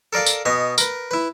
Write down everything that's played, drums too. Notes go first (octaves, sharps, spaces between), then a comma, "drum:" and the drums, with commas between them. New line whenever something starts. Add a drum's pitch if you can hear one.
A4 A#4 D5 F5 A5
drum: tambourine
B2 B3 D#5 G#5
A#4 B4, drum: tambourine
E4 B4